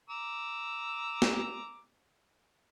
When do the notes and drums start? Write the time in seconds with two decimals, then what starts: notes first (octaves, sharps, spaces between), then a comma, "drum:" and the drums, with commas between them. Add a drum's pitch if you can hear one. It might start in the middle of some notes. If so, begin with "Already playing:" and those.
0.10 A#5 D6 E6
1.22 drum: snare